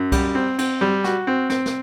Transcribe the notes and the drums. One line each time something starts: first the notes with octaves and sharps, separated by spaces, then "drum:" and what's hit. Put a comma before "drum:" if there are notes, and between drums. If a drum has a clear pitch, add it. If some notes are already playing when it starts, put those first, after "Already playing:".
Already playing: F#2
G3, drum: kick C2, cymbal
C4
C4, drum: cymbal
G3
F#4, drum: snare
C4
C4, drum: snare
drum: snare